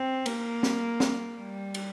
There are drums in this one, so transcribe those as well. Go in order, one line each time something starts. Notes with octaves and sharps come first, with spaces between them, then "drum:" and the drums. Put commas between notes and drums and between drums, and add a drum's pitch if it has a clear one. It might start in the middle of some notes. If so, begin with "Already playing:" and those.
Already playing: C4
A#3, drum: cymbal
drum: snare
drum: snare
G3
drum: cymbal